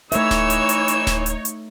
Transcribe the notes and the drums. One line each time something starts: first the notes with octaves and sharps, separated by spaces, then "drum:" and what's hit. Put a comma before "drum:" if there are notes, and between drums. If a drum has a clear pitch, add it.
E3 A3 D#4 C#5 E5 E6, drum: hi-hat
drum: snare D1
drum: hi-hat
drum: hi-hat
drum: hi-hat
drum: snare D1
drum: hi-hat
drum: hi-hat